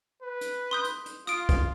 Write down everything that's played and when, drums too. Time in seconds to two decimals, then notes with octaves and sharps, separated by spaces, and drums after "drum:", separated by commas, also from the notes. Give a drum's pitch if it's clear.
0.22 B4
0.41 drum: hi-hat
0.71 C6 D#6 G6
0.84 drum: hi-hat
1.06 drum: hi-hat
1.27 F4 D#6 D7, drum: hi-hat
1.49 drum: kick, hi-hat